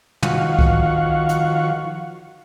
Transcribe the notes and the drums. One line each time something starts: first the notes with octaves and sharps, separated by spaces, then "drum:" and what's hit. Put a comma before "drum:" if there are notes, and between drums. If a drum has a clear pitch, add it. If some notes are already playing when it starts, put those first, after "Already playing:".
D#3 F3 F#4 F5 F#5 C#6, drum: tom
drum: kick C2
drum: hi-hat